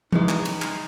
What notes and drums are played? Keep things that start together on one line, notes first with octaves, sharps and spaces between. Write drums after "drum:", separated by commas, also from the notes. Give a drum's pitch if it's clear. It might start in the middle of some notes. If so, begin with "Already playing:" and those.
C#3 E3 G#3 D#4, drum: tom E3
drum: clap
drum: cymbal
drum: clap